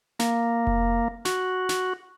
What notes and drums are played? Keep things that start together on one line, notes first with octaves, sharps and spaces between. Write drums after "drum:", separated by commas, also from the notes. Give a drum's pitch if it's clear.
A#3, drum: snare
drum: kick F1
F#4, drum: snare
drum: snare